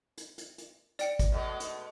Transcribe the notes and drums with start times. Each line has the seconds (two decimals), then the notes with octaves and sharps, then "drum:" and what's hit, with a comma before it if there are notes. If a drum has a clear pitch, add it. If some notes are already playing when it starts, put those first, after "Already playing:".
0.18 drum: hi-hat
0.38 drum: hi-hat
0.58 drum: hi-hat
0.99 D5 G5 C#7, drum: hi-hat
1.19 drum: kick G#1, hi-hat
1.32 B2 G#3 A3
1.60 drum: hi-hat